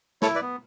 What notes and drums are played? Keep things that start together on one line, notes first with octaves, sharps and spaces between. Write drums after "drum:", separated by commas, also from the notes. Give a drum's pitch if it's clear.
E4 A4 C#5, drum: snare
B4 D5
B3